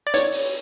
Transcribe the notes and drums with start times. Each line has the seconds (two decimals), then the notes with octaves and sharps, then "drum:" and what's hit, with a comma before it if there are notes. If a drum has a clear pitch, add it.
0.07 D5
0.14 C#5, drum: hi-hat
0.32 drum: open hi-hat